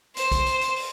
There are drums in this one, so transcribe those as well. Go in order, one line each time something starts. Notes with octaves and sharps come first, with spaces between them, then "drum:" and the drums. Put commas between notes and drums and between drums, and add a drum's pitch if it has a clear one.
C5, drum: hi-hat
drum: kick B1, hi-hat
drum: hi-hat
drum: hi-hat
drum: open hi-hat